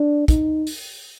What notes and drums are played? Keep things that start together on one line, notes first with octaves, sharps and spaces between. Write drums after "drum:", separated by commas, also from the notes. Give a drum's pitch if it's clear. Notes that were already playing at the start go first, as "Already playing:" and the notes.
Already playing: D4
D#4, drum: kick, hi-hat
drum: open hi-hat